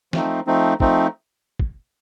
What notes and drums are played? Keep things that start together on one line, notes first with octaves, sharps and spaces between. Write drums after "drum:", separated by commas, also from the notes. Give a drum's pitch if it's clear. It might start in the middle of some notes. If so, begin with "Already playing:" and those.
F3 A3 C4 D#4, drum: snare
F3 A3 C4 D#4
F3 A3 C4 D#4, drum: kick
drum: kick